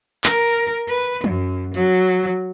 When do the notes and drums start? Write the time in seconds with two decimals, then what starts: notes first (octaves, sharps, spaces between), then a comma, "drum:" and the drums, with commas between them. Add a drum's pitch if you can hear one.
0.24 A#4, drum: clap
0.47 drum: tambourine
0.88 B4
1.24 F#2, drum: tom
1.74 F#3, drum: hi-hat